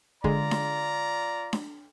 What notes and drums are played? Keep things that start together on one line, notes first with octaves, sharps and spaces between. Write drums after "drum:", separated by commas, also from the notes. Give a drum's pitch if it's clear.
D3 G#3 F4 D5 A#5, drum: kick
drum: snare D4
drum: snare D4